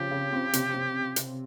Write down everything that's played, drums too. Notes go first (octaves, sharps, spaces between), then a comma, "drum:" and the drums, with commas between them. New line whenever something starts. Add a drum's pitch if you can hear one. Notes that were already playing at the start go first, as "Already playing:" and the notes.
Already playing: C#3 F3 C4 G4
C#3
C4
C3, drum: hi-hat
C3
drum: hi-hat